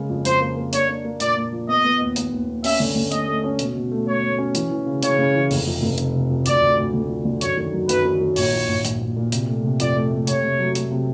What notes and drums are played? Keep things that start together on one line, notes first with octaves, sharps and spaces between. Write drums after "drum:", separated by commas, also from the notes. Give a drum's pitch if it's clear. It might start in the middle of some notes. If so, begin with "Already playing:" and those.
Already playing: C#3 G#3 A#3
F2
F2 C5, drum: hi-hat
A#3
A#3
D4 C#5, drum: hi-hat
D4
A#3
A#2 D5, drum: hi-hat
A#2
F3
B3 D#5
B3
D#2
D#2, drum: hi-hat
D#2
B3
C#4 E5, drum: open hi-hat
D3
D3
A3 D#5, drum: hi-hat
A3
C#4
B2, drum: hi-hat
B2
A3
A3 C#5
A3
C#4
E3, drum: hi-hat
E3
C#3
C#3 C#5, drum: hi-hat
C#3
E3
F1, drum: open hi-hat
F2
F1
C3, drum: hi-hat
C3
F2
D2 D5, drum: hi-hat
D2
D2
D3
F3
D3
F#2 C#5, drum: hi-hat
D#3
F#3
F#2 B4, drum: hi-hat
D#3
D#3
A#1 C#5, drum: open hi-hat
F3
A#1
A#1, drum: hi-hat
A#1
A#2
C3, drum: hi-hat
A3
C3
F2 D5, drum: hi-hat
A3
A3
C3 C#5, drum: hi-hat
C3
F#3
F#3, drum: hi-hat
C3